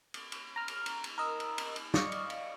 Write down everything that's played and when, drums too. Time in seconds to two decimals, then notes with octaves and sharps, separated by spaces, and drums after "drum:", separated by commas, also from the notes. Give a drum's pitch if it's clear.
0.14 drum: cymbal
0.32 drum: cymbal
0.56 A#5 F6
0.68 drum: cymbal
0.86 drum: cymbal
1.04 drum: cymbal
1.18 A#4 D#5 E6
1.40 drum: cymbal
1.58 drum: cymbal
1.76 drum: cymbal
1.94 D5 D#5 F5 C#6, drum: snare
2.12 drum: cymbal
2.30 drum: cymbal